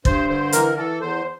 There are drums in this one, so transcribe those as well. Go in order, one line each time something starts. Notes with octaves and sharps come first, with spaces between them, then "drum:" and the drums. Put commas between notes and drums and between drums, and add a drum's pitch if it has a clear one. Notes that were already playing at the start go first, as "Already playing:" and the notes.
G2 C5, drum: kick
D3 C5
E3 A#4, drum: hi-hat
E3 A4
E2 C5